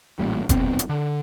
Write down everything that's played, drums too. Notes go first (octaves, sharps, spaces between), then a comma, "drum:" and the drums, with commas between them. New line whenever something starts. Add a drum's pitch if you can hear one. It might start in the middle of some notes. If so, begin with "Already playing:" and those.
A1 A#2 G3
D#1 B1 B3 C4, drum: kick F1, hi-hat
drum: hi-hat
D3